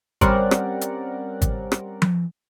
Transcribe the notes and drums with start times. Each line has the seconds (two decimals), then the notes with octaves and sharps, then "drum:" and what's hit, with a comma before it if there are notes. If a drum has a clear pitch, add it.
0.21 G3 C4 C#4 A#4 D5 F#5, drum: kick G#1, hi-hat
0.51 drum: rim click
0.81 drum: hi-hat
1.42 drum: kick G#1, hi-hat
1.72 drum: rim click
2.02 drum: tom F3